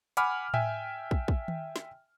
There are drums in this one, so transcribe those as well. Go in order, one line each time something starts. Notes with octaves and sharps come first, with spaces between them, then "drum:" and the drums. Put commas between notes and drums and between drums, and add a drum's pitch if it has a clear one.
F#5 G#5 B5 D6 F6, drum: hi-hat
E5 G5 G#5, drum: tom A2
drum: kick
drum: kick
drum: tom D#3
drum: snare